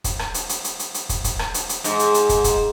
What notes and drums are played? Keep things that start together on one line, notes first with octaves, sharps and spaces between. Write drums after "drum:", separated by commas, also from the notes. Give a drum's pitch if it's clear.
drum: kick, hi-hat
drum: rim click
drum: hi-hat
drum: hi-hat
drum: hi-hat
drum: hi-hat
drum: hi-hat
drum: kick, hi-hat
drum: kick, hi-hat
drum: rim click
drum: hi-hat
drum: hi-hat
G#2, drum: hi-hat
drum: hi-hat
drum: hi-hat
drum: kick, hi-hat
drum: kick, hi-hat